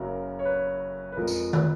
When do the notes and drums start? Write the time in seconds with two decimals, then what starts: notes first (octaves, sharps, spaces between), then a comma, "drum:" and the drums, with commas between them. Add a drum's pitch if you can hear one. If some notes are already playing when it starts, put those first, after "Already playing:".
Already playing: F#1 F#2 C#3 F#3 A#4
0.39 C#5
0.45 B4
1.12 B4
1.17 F2 F3 G#3 A#4
1.28 drum: tambourine
1.53 B4, drum: tom